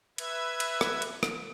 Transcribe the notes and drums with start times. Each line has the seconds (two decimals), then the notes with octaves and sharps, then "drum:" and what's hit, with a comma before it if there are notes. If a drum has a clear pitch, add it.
0.18 B4 E5 G#6, drum: cymbal
0.60 drum: cymbal
0.81 drum: rim click
1.02 drum: cymbal
1.23 drum: rim click